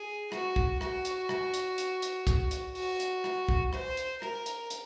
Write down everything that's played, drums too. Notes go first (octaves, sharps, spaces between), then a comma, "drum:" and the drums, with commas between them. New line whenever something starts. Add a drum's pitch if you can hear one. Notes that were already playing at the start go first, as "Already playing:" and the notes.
Already playing: G#4
F#4, drum: rim click
drum: kick
F#4, drum: rim click
drum: hi-hat
drum: rim click
drum: hi-hat
drum: hi-hat
drum: hi-hat
drum: kick, hi-hat
drum: hi-hat
F#4, drum: open hi-hat
drum: hi-hat
drum: rim click
drum: kick
C5, drum: rim click
drum: hi-hat
A#4, drum: rim click
drum: hi-hat
drum: hi-hat